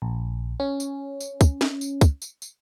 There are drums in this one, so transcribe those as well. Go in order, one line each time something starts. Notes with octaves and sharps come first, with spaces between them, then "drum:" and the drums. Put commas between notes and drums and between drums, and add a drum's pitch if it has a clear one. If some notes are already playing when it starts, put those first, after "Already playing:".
A#1
C#4
drum: tambourine
drum: tambourine
drum: kick, tambourine
drum: snare
drum: tambourine
drum: kick, tambourine
drum: tambourine
drum: tambourine